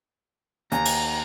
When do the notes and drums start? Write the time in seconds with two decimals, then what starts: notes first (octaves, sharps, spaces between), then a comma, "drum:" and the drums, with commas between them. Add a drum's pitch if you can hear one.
0.72 D#2 G#5 A#5, drum: hi-hat
0.85 drum: cymbal